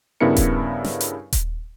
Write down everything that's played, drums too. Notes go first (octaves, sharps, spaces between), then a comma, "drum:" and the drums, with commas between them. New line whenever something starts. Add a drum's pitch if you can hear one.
G2 C#3 B3 E4 A#4 C#7
drum: kick D#1, hi-hat
drum: snare
drum: hi-hat
drum: kick D#1, hi-hat